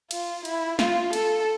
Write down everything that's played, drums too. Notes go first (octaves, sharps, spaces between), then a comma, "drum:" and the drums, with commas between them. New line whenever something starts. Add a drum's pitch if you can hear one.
F4, drum: cymbal
E4, drum: cymbal
F4, drum: snare
A4, drum: cymbal